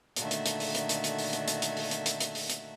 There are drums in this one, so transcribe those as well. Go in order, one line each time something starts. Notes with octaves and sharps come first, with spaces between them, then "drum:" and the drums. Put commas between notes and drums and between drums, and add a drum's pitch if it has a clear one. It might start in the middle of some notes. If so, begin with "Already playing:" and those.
A#2 D3 D#3 A3 F#4 E5, drum: hi-hat
drum: hi-hat
drum: hi-hat
drum: open hi-hat
drum: hi-hat
drum: hi-hat
drum: hi-hat
drum: open hi-hat
drum: hi-hat
drum: hi-hat
drum: hi-hat
drum: open hi-hat
drum: hi-hat
drum: hi-hat
drum: hi-hat
drum: open hi-hat
drum: hi-hat